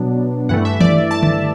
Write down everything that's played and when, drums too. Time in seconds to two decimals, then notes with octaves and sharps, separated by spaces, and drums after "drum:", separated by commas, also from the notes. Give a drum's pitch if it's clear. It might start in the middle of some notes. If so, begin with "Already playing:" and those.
Already playing: B2 F#3 B3 D4
0.49 G2 E3 A3 F#5
0.65 E5
0.80 D5, drum: tom D#3
1.11 A5
1.23 drum: tom D3